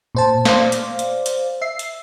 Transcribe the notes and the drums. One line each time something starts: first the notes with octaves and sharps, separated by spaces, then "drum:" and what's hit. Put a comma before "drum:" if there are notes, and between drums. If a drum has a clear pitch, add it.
A#2 C5 A5
C5 D5 F5, drum: snare
drum: hi-hat
drum: hi-hat
drum: hi-hat
E5 C7
drum: hi-hat